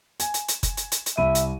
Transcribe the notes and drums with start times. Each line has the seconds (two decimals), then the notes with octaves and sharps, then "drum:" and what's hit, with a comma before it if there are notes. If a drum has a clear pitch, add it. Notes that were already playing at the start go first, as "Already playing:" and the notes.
0.20 G#5, drum: hi-hat
0.34 drum: hi-hat
0.48 drum: hi-hat
0.63 drum: kick F#1, hi-hat
0.77 drum: hi-hat
0.92 drum: hi-hat
1.06 drum: hi-hat
1.17 C2 E5 B5 D#7
1.35 drum: hi-hat